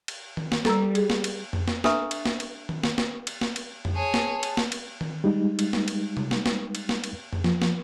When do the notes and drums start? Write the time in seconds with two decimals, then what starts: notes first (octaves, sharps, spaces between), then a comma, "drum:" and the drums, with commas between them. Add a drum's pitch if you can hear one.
0.08 drum: cymbal
0.37 drum: tom D#3
0.52 drum: snare
0.65 G3 A4 A#5 E6, drum: snare
0.95 G#4, drum: cymbal
1.10 drum: snare
1.24 drum: cymbal
1.53 drum: tom F2
1.68 drum: snare
1.84 D4 A4 B4 E5 A#5 C#6, drum: snare
2.11 drum: cymbal
2.26 drum: snare
2.40 drum: cymbal
2.69 drum: tom D#3
2.83 drum: snare
2.98 drum: snare
3.27 drum: cymbal
3.41 drum: snare
3.56 drum: cymbal
3.85 drum: tom F2
3.95 G#4 C#5 A5
4.14 drum: snare
4.43 drum: cymbal
4.57 drum: snare
4.72 drum: cymbal
5.01 drum: tom D#3
5.24 G3 G#3 D#4
5.59 drum: cymbal
5.73 drum: snare
5.88 drum: cymbal
6.17 drum: tom C3
6.31 drum: snare
6.46 drum: snare
6.75 drum: cymbal
6.89 drum: snare
7.04 drum: cymbal
7.33 drum: tom F2
7.44 F3, drum: snare
7.62 drum: snare